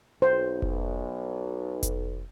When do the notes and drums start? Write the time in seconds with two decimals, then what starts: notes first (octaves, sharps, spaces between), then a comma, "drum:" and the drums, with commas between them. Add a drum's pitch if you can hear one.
0.22 B1 C5
0.62 drum: kick F1
1.83 drum: kick F1, hi-hat